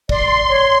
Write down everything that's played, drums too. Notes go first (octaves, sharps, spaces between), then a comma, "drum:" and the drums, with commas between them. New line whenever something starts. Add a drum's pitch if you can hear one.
D5 C6, drum: kick
C#5